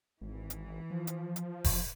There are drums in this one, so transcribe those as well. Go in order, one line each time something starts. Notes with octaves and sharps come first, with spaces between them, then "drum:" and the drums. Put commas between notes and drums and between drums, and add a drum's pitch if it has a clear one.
G#1 E3
drum: hi-hat
F3
drum: hi-hat
drum: hi-hat
drum: kick F1, open hi-hat